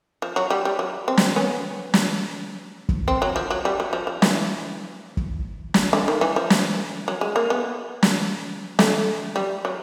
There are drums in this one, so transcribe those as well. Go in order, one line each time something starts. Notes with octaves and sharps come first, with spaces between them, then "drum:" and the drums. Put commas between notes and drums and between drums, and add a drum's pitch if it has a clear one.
F3
F#3
G3
G3
F#3
C4
drum: snare
B3 C#4
drum: snare
drum: kick
C4
F#3
F3
F#3
G3
F#3
F3
F3
E3, drum: snare
drum: kick
drum: snare
D3
D#3
E3
F3
drum: snare
F#3
G#3
A#3
B3
drum: snare
A3, drum: snare
G3
F#3